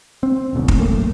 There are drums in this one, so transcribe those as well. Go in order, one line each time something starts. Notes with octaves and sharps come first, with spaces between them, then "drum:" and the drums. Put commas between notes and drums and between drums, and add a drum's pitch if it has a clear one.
C4
E1 A1 E2 C#3
drum: kick
F#2 A2 A3 A#3